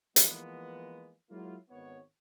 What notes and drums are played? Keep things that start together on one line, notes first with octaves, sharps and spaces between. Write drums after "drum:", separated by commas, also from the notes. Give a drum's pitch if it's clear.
E3 F3 G#3 A#3 B3, drum: hi-hat
F#3 G#3 A#3 E4 F4
G#1 B3 C#5